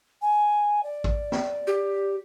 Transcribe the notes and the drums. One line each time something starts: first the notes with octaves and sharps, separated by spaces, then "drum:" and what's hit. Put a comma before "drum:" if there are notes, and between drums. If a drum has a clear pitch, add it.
G#5
D5
drum: kick
drum: snare
G4